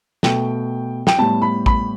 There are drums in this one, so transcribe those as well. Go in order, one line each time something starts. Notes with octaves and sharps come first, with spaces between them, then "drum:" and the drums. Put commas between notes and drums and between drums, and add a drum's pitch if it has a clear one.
B2 A3 G5, drum: snare
G5, drum: snare
A2 G3 B3 A5
B5
B5, drum: kick A1